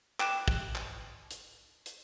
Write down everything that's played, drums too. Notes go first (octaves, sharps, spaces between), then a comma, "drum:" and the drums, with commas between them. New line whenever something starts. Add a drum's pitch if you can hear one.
G5 D6 F#6 E7, drum: clap
drum: kick
drum: clap
drum: hi-hat
drum: hi-hat